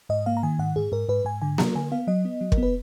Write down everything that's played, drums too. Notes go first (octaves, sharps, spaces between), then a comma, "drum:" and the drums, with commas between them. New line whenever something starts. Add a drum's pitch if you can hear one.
G#2 D#5
A#3 F5
A#5
D#3 G#5
G#2 F#5
G#2 G#4
G#2 A#4
G#2 B4
G#2 G#5
D3 G#5
F#3 A#5, drum: snare A#3
D3 G#5
B3 F5
F#3 D#5
B3
F#3
A#4, drum: kick
B3
B4